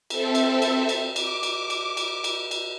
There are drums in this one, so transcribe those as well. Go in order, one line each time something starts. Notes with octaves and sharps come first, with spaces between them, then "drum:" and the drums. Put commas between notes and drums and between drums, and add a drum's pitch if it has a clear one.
C4 A4 E5, drum: cymbal
drum: cymbal
drum: cymbal
drum: cymbal
D6, drum: cymbal
drum: cymbal
drum: cymbal
drum: cymbal
drum: cymbal
drum: cymbal